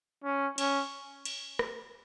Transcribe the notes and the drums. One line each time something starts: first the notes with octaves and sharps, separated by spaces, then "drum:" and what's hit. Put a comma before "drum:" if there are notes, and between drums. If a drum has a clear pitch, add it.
C#4
C#4, drum: cymbal
drum: cymbal
drum: rim click